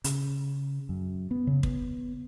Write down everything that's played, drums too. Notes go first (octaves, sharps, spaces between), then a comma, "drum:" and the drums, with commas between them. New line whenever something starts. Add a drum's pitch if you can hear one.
C#3, drum: hi-hat
F#2
B3
C#3
B3, drum: kick